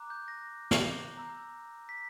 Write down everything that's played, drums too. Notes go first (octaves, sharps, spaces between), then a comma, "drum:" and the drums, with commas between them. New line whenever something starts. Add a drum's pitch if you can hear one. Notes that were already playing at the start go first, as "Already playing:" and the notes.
Already playing: A#5 D6 F#6
G6
A#6
drum: snare
A#5 E6 G6
B6